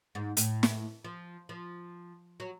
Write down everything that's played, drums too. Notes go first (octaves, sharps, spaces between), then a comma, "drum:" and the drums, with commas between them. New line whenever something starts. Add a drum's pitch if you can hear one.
G#2
A2, drum: hi-hat
drum: snare
F3
F3
F#3